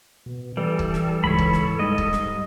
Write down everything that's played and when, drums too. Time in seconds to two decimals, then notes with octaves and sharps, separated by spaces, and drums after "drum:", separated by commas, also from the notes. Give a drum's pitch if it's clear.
0.26 B2
0.57 E3 G3 A4
0.79 drum: kick
0.94 drum: snare
1.24 C#2 G#2 C#5 B5
1.39 drum: kick
1.53 drum: snare
1.79 G#2 G3 G#3 D#5
1.98 drum: kick
2.13 drum: snare